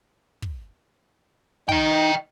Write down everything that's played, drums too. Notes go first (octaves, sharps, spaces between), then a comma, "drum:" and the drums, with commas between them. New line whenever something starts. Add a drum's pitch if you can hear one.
drum: kick
D#4 D#5 G5, drum: kick